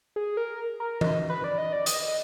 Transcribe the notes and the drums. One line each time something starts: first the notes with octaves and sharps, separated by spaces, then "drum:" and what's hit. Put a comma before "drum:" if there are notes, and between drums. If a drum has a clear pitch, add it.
G#4
A#4
A#4
D#5, drum: tom E3
B4
D5
D#5
D5
D#5, drum: hi-hat
D#5